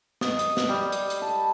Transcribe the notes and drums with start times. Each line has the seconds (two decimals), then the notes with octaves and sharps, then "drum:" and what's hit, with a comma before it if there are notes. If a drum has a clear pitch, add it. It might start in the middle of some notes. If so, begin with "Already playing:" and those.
0.21 D#5, drum: snare
0.39 drum: hi-hat
0.57 drum: snare
0.69 G3
0.92 drum: hi-hat
1.10 drum: hi-hat
1.22 A5